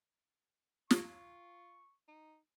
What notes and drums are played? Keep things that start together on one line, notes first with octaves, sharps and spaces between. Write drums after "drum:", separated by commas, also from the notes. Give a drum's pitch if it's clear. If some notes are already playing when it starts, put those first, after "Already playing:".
F4 C#6, drum: snare
D#4